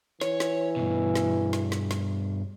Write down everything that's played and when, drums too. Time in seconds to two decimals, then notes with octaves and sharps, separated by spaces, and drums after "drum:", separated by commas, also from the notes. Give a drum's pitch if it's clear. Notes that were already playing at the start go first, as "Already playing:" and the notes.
0.21 E3 C#5, drum: snare
0.40 drum: snare
0.76 G2 B2
1.15 drum: snare
1.53 drum: snare
1.72 drum: snare
1.91 drum: snare